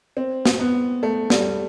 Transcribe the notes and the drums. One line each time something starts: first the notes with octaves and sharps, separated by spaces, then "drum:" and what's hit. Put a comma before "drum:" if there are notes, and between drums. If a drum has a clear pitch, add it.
C4
drum: snare
B3
A3
G3, drum: snare